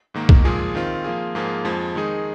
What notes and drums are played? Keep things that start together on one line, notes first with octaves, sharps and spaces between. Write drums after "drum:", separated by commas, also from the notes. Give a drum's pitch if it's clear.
G#2 D#3 A#3
drum: kick C2
A#2 F3 G#3 F4 G#4
D#3 C4 F4
F3 A#3 F4 G#4
G#2 F3 A#3 F4 G#4
F2 F3 G#3
D#3 G#3 D#4 G#4